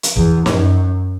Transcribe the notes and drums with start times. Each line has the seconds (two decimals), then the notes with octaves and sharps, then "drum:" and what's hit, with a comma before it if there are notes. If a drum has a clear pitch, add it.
0.03 drum: hi-hat
0.16 E2, drum: kick
0.46 F#2, drum: snare